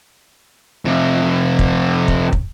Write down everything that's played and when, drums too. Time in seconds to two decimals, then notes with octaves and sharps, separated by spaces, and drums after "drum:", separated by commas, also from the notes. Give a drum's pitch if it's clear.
0.85 F2 C3
1.59 drum: kick
2.08 drum: kick
2.33 drum: kick